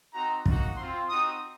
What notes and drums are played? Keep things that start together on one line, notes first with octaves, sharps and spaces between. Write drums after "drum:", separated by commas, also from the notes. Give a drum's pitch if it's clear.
C4 D#4 F#4 A#5
A#3 D#4 F#4, drum: kick
C4 F4 C6
C4 D#4 F#4 D#6